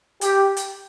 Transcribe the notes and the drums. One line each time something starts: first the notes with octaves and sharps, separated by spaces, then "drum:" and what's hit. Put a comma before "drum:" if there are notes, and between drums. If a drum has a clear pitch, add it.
G4, drum: hi-hat
drum: hi-hat